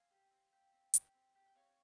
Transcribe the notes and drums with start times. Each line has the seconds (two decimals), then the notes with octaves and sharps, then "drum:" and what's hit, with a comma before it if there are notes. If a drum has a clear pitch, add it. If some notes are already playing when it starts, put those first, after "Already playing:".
Already playing: C4 F5 G#5
0.10 G4
0.31 C4
0.52 G4
0.72 C4
0.94 G4, drum: hi-hat
1.14 C4
1.35 G4
1.46 G5
1.55 C4 C#5 F5